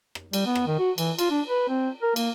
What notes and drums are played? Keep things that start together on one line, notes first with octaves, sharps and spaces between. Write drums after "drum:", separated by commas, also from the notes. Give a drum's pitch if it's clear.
drum: rim click
G3, drum: cymbal
B3
drum: rim click
D#3
F#4
E3, drum: cymbal
F4, drum: cymbal
D4
B4
C4
A#4
A#3, drum: cymbal